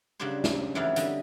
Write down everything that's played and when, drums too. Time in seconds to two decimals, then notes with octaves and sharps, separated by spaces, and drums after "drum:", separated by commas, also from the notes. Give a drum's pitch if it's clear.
0.20 C#3 F#3 G3 D4 G4 C5
0.44 drum: snare
0.75 F2 E3 F#3 E4 D5 F5
0.96 D3 G3 D#4 D#5 E5, drum: hi-hat